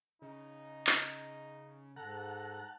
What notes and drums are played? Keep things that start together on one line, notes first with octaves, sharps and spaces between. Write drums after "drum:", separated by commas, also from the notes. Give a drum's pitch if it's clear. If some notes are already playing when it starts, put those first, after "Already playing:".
C#3 D#4
drum: clap
G#2 A4 F#5 A5 A#5 F#6